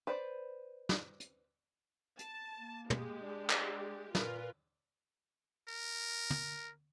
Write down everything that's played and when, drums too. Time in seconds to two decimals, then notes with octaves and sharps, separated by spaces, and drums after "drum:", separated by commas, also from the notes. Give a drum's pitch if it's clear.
0.07 B4 C5 D5
0.89 drum: snare
1.20 drum: hi-hat
2.19 A5, drum: hi-hat
2.57 A#3
2.90 G#3 G4, drum: tom
3.21 D4 D5
3.50 drum: clap
4.15 A#2 F4 A#4 B4, drum: snare
5.69 A#4
6.30 drum: tom